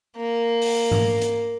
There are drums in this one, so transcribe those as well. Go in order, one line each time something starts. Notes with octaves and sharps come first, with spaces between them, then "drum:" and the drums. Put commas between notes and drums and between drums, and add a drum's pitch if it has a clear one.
A#3
drum: open hi-hat
drum: tom G#2
drum: hi-hat